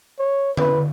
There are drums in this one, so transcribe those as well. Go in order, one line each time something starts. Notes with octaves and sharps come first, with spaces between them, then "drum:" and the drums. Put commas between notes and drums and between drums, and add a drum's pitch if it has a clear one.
C#5
B4, drum: tom D3